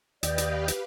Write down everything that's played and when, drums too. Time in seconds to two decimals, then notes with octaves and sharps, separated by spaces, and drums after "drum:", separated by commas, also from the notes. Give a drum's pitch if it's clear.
0.23 D#2 G4 B4 D5 D#5 F5 G5, drum: hi-hat
0.38 drum: hi-hat
0.68 drum: hi-hat